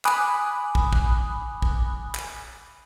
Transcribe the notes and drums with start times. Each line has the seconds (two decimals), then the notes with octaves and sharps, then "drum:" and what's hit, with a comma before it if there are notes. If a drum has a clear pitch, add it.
0.05 G#5 B5 D6 D#6 F#6, drum: clap
0.75 drum: kick
0.93 drum: kick
1.62 drum: kick
2.15 drum: clap